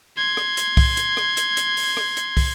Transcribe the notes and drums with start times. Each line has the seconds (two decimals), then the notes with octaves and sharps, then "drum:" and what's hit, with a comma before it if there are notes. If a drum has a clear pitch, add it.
0.17 C6 G#6
0.37 drum: rim click
0.57 drum: hi-hat
0.77 drum: kick, open hi-hat
0.97 drum: hi-hat
1.17 drum: rim click
1.37 drum: hi-hat
1.57 drum: hi-hat
1.77 drum: open hi-hat
1.97 drum: rim click
2.17 drum: hi-hat
2.37 drum: kick, open hi-hat